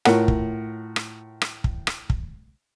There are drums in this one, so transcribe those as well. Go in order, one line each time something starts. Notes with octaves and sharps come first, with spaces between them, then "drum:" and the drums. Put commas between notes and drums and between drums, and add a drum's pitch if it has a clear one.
A2 F4 A#4 C#5 F#5, drum: rim click
drum: kick
drum: rim click
drum: rim click
drum: kick
drum: rim click
drum: kick